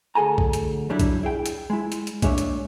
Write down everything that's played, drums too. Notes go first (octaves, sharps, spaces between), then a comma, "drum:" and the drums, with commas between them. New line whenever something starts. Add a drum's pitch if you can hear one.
D2 G#4 A4 G#5 A#5
drum: kick B1
drum: hi-hat
C#3 F#3 G3 D4 E4
drum: kick B1, hi-hat
E4 G#4 G5
drum: hi-hat
G#3 E4
drum: hi-hat
drum: hi-hat
G#3 A#3 D4 G4 C#5 E5, drum: kick B1, hi-hat
drum: hi-hat